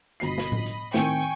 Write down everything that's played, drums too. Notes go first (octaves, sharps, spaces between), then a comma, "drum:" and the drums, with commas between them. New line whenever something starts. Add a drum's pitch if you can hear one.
G1 B2 D#5 B5 C7
drum: snare
drum: tom A2
drum: hi-hat
A2 D#3 C4 G5 G#5 C#6, drum: snare